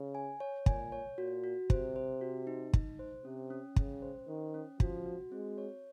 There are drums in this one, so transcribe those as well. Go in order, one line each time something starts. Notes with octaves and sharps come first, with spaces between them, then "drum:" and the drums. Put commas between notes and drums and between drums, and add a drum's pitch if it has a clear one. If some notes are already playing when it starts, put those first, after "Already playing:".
Already playing: C#3
G#5
C#5
A#2 G#5, drum: kick
C#5
A#2 F#4
F#4
C3 C5, drum: kick
C5
F#4
D#4
D#4, drum: kick
C5
C3 C#4
C#4
C#3 C#4, drum: kick
C5
D#3 C#4
C#4
F3 F#4, drum: kick
F#4
G#3 C4
C#5